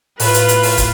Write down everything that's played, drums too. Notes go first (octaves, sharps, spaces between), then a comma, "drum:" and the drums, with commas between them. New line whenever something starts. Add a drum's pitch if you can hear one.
A2 F4 B4, drum: open hi-hat
drum: hi-hat
drum: hi-hat
drum: open hi-hat
drum: kick, hi-hat